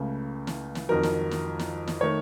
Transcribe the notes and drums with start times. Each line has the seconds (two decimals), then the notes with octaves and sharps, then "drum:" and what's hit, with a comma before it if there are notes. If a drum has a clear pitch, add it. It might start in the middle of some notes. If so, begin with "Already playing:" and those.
Already playing: C#2 C#3 A3
0.47 drum: snare
0.75 drum: snare
0.89 F2 D#3 F#3 A#4
1.03 drum: snare
1.31 drum: snare
1.59 drum: snare
1.88 drum: snare
2.01 D#3 A3 C#5